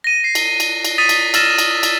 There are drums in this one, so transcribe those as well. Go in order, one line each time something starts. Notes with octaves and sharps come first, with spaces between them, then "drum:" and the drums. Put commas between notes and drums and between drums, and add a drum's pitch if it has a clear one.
A#6 D#7
C7
drum: cymbal
drum: cymbal
drum: cymbal
D#6 A6 B6 D#7
drum: cymbal
E6 F6 A6 A#6 E7, drum: cymbal
drum: cymbal
drum: cymbal